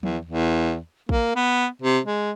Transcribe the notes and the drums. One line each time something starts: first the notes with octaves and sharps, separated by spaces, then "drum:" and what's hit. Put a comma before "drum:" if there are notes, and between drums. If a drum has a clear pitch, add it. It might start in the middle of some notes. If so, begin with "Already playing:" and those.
E2, drum: tom F3
E2
A#3, drum: kick
B3
C3
G#3